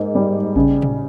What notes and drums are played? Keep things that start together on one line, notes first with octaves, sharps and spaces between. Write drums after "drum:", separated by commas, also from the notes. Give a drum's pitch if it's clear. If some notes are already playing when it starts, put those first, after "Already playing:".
Already playing: G#2 A#3
G3
C#3, drum: kick A1
drum: tom